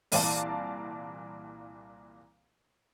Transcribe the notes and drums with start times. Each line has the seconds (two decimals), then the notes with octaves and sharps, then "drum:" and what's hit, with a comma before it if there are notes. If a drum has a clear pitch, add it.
0.12 C2 A#2 E3 D5 F5 A5, drum: open hi-hat